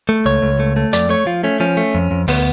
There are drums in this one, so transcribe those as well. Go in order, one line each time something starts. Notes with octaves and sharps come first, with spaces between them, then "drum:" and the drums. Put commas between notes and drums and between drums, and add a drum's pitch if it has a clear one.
A3
C#2 C#5
C#2
A3
A3
F2 D5, drum: hi-hat
A3 C#5
F3 F4
A3 C#4
F3 C#4
A3
F2
F2
D2 B3, drum: open hi-hat